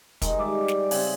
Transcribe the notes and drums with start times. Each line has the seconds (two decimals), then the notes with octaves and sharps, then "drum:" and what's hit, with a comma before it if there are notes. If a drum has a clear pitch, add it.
0.22 D#3 G#3, drum: kick, hi-hat
0.39 G3 D5 E5 D6
0.68 drum: snare
0.91 C#3 C4, drum: open hi-hat